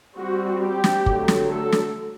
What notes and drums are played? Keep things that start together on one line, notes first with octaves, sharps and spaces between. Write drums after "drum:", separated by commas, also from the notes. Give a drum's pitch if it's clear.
G3 C4 F#4
G4
drum: snare
D3 F#3 A3, drum: kick
drum: snare
A4
drum: snare